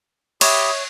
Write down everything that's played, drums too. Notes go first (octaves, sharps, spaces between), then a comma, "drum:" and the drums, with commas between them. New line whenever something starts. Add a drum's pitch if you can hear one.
G4 C#5 E5 B5 D#6, drum: cymbal